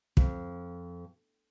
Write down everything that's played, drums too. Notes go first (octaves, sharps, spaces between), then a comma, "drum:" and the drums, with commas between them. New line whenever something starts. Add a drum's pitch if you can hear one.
F2, drum: kick